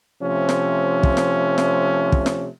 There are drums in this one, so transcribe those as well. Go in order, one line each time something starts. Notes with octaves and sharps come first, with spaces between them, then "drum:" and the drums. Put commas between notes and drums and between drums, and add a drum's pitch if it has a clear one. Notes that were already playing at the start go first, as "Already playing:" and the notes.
C3 F3 A3 C#4
drum: snare
drum: kick
drum: snare
drum: snare
drum: kick
drum: snare